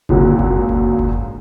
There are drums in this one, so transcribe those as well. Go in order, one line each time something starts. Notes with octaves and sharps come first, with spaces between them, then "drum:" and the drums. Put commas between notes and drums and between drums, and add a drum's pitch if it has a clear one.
G#1 C#2 A#2 D3 F#3, drum: kick F#1
drum: kick F#1
drum: kick F#1
drum: kick F#1